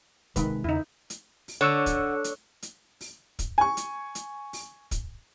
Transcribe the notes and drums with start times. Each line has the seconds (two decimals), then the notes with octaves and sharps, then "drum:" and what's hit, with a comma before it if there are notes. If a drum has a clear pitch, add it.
0.36 C3 D#3 G#3 B4, drum: kick, hi-hat
0.64 E2 C#3 D#4 E4
1.10 drum: hi-hat
1.48 drum: open hi-hat
1.61 D3 C#5 C#6 E6
1.86 drum: kick, hi-hat
2.24 drum: hi-hat
2.62 drum: hi-hat
3.01 drum: open hi-hat
3.39 drum: kick, hi-hat
3.58 G#5 C#6
3.77 drum: hi-hat
4.15 drum: hi-hat
4.53 drum: open hi-hat
4.91 drum: kick, hi-hat